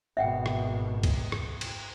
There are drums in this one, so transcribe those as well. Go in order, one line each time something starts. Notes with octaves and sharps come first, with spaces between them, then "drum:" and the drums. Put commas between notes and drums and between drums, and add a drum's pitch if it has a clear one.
G#1 B2 E5 F#5 G5
drum: rim click
drum: kick, cymbal
drum: rim click
drum: cymbal